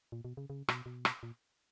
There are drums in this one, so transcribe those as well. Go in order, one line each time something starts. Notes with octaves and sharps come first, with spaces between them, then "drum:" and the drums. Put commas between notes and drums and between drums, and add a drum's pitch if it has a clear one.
A#2
B2
C#3
C#3
B2, drum: rim click
B2
drum: rim click
A#2